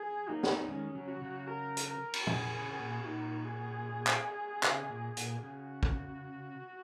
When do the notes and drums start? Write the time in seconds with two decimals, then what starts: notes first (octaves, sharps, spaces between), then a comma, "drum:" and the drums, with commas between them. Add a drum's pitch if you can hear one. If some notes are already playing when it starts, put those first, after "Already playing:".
Already playing: G#4
0.29 F#3 A#3 D#4
0.43 drum: snare
0.68 D#3 G#3 C#4
0.95 C#3 F#3
1.08 F#4
1.21 C#3 F#3
1.48 A#4
1.77 drum: hi-hat
1.87 A#4
2.13 drum: cymbal
2.27 G#4, drum: tom
2.53 C#3
2.80 A#2
3.05 A#2 D#4
3.45 G#4
4.07 drum: clap
4.63 C#3, drum: clap
4.90 A#2
5.17 A#2, drum: hi-hat
5.42 C#3 F#4
5.83 drum: kick